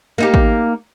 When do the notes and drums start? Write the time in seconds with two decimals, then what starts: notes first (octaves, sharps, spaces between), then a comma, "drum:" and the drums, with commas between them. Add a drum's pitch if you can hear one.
0.18 A#3 D#4 G4
0.34 drum: kick